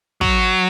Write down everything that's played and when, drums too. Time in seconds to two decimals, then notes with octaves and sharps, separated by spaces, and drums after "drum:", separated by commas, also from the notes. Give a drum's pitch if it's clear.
0.21 F#3, drum: kick